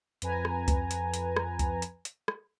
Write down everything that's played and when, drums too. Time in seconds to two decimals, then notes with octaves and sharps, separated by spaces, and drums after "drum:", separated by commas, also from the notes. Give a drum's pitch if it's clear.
0.22 F2 B4 G#5 A#5, drum: hi-hat
0.45 drum: rim click
0.68 drum: kick C#2, hi-hat
0.91 drum: hi-hat
1.14 drum: hi-hat
1.36 drum: rim click
1.59 drum: kick C#2, hi-hat
1.82 drum: hi-hat
2.05 drum: hi-hat
2.28 drum: rim click